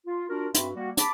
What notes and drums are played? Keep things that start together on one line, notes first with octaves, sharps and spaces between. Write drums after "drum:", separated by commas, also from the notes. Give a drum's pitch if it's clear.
F4
D4 F4 F#4 A#4
G2 C4 F#4 E5 B5 C6, drum: hi-hat
G3 A#3 F#4
A5 B5 D6, drum: hi-hat